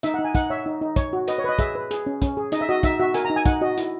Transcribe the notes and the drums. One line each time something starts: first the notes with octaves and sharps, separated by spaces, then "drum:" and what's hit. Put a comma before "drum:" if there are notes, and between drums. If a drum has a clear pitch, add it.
D#4 E5, drum: hi-hat
D#4 F#5
G#5
D#4 F#5, drum: kick, hi-hat
C#5 E5
D#4
D#4
C#5, drum: kick, hi-hat
F#4
B4 D#5, drum: hi-hat
C#5
B4 D#5
G#4 E5, drum: kick, hi-hat
B4
G#4, drum: hi-hat
C#4
C#4, drum: kick, hi-hat
G#4
D#4 D#5, drum: hi-hat
E5
F#4 D#5
D#4 E5, drum: kick, hi-hat
F#4 E5
A#4 G#5, drum: hi-hat
A#5
D#4
G#5
D#4 F#5, drum: kick, hi-hat
F#4 D#5
E4, drum: hi-hat